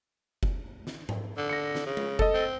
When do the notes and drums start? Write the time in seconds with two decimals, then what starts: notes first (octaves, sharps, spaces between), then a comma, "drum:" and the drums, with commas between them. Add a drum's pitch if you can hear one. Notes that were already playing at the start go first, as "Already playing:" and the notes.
0.43 drum: kick F#1
0.87 drum: snare
1.09 drum: tom G#2
1.37 D3
1.50 A#6 C#7
1.75 drum: snare
1.86 C#3
1.97 drum: tom G#3
2.19 A4 D#5, drum: kick F#1
2.34 C4